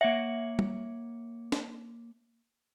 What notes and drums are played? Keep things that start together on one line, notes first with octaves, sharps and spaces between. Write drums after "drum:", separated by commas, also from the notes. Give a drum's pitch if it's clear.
A#3 C#5 E5 F#5
drum: tom
drum: snare